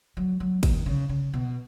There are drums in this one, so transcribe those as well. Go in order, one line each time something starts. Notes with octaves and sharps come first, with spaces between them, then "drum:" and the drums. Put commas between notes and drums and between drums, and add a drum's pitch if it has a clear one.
F#3
F#3
D#3, drum: kick, cymbal
C#3
C#3
B2